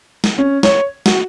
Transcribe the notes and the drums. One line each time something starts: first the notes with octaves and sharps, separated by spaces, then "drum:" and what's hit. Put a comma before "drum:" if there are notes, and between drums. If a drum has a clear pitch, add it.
drum: snare
C#4
C#5, drum: snare
F#4, drum: snare